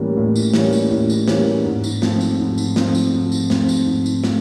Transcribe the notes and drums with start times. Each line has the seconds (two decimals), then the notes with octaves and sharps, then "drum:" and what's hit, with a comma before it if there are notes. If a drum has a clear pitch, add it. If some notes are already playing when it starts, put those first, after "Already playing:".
Already playing: A2 E3 G3 A#3 C#4
0.17 A2
0.36 drum: tambourine
0.54 E3 G3 A#3 C#4, drum: snare
0.73 drum: tambourine
0.91 A2
1.10 drum: tambourine
1.28 E3 G3 A#3 C#4, drum: snare
1.65 G#2
1.84 drum: tambourine
2.02 F3 A3 C4, drum: snare
2.21 drum: tambourine
2.40 G#2
2.58 drum: tambourine
2.76 F3 A3 C4, drum: snare
2.95 drum: tambourine
3.13 G#2
3.32 drum: tambourine
3.50 F3 A3 C4, drum: snare
3.69 drum: tambourine
3.87 G#2
4.06 drum: tambourine
4.24 F3 A3, drum: snare